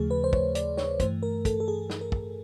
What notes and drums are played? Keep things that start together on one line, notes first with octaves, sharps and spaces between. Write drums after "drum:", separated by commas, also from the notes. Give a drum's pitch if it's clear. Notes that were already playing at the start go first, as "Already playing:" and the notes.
Already playing: D#2 C#3 F3 A3 G#4
B4
C5
C#5, drum: kick
D5, drum: hi-hat
C#5, drum: snare
G2 E3 A3 C5, drum: kick, hi-hat
A#4
A4, drum: kick, hi-hat
A4
G#4
drum: snare
A#4
drum: kick